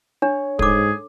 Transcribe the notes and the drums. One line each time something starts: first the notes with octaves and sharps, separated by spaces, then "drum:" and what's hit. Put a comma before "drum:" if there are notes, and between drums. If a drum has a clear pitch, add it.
D4 C#5
G#2 G#4 A4 D6, drum: kick